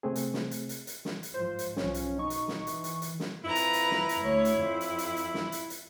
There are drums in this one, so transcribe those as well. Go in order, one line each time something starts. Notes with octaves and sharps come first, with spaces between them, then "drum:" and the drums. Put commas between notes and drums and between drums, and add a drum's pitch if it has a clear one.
C3 A3 C4 G#4
drum: hi-hat
drum: snare
drum: hi-hat
drum: hi-hat
drum: hi-hat
drum: snare
drum: hi-hat
G#2 F3 C5
drum: hi-hat
B1 F3 C#4, drum: snare
drum: hi-hat
B2 D#4 C#6
drum: hi-hat
drum: snare
E3, drum: hi-hat
drum: hi-hat
drum: hi-hat
drum: snare
F2 E4 B4 A#5
drum: hi-hat
drum: hi-hat
drum: snare
drum: hi-hat
D2 C#5
drum: hi-hat
F2
drum: hi-hat
drum: hi-hat
drum: hi-hat
drum: snare
drum: hi-hat
drum: hi-hat